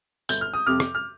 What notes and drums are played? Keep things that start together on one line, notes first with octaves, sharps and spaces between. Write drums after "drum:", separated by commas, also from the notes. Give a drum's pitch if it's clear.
G1 G6, drum: tambourine
F6
D#6
F2 C3 D6 F6
drum: rim click
F6